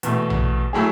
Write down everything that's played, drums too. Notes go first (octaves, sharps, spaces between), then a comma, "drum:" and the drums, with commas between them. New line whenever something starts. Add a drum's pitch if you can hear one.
E2 B2 A3, drum: hi-hat
drum: tom A#1
F#3 A3 E4 G#4